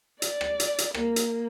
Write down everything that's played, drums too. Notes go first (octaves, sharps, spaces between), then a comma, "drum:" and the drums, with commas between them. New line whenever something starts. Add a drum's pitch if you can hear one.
D5, drum: hi-hat
drum: rim click
drum: hi-hat
drum: hi-hat
A#3, drum: rim click
drum: hi-hat